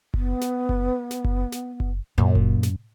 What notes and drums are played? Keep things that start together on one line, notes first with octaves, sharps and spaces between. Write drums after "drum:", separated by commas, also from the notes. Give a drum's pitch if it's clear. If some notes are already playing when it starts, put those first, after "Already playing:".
B3, drum: kick F#1
drum: snare
drum: kick F#1
drum: snare
drum: kick F#1
drum: snare
drum: kick F#1
F#2 A#2
drum: kick F#1
drum: snare